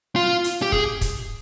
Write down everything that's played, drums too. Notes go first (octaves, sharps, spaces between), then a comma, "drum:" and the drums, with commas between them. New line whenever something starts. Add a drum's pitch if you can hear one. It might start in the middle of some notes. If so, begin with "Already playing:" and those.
F4
drum: hi-hat
G4
G#4, drum: kick
drum: kick, hi-hat